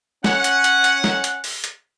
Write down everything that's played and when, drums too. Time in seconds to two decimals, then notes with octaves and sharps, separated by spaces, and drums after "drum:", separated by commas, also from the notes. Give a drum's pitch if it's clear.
0.24 C#4 F#5, drum: snare
0.44 drum: hi-hat
0.64 drum: hi-hat
0.84 drum: hi-hat
1.04 drum: snare
1.24 drum: hi-hat
1.44 drum: open hi-hat
1.64 drum: hi-hat